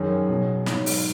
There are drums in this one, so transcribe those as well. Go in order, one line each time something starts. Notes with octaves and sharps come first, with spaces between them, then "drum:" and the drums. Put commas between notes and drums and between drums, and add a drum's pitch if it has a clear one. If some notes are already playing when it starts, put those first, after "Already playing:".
Already playing: F#2 D#3 F#3 G#4
B2 F#3
G#2 F#3, drum: snare
drum: open hi-hat